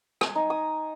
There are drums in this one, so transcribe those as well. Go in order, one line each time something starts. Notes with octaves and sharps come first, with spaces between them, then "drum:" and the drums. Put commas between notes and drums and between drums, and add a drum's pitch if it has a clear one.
G#5, drum: rim click
D#4
D#6